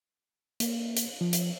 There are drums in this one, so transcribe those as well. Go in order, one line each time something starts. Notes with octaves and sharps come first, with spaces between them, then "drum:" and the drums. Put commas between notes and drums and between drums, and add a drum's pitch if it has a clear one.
A#3, drum: hi-hat
drum: hi-hat
F3
drum: hi-hat